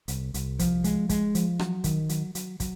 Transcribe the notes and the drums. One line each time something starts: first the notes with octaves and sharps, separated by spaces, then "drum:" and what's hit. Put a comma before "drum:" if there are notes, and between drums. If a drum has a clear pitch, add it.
C2, drum: hi-hat
C2, drum: hi-hat
F3, drum: kick, hi-hat
G#3, drum: hi-hat
G#3, drum: kick, hi-hat
F3, drum: hi-hat
F#3, drum: rim click
D#3, drum: kick, hi-hat
F#3, drum: hi-hat
F#3, drum: hi-hat
F#3, drum: kick, hi-hat